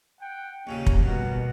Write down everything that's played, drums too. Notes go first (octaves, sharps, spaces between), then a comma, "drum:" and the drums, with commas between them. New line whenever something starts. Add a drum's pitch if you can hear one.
F#5 G5
D#2 A#2 C#3 C#4
drum: kick
G2 B2 A#4 F#5